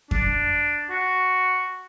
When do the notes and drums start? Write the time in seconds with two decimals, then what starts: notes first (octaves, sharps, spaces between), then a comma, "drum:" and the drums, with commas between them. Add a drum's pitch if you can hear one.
0.11 D4, drum: kick F2
0.90 F#4